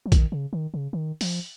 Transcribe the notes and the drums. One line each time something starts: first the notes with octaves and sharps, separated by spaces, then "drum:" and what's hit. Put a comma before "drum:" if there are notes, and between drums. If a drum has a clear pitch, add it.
F3
D#3, drum: kick, hi-hat
C#3
D#3
C#3
D#3
F3, drum: open hi-hat